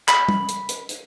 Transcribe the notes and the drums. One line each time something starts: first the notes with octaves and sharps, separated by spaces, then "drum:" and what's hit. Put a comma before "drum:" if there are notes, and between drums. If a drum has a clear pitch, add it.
B5, drum: clap
drum: tom G3
drum: hi-hat
drum: hi-hat
drum: hi-hat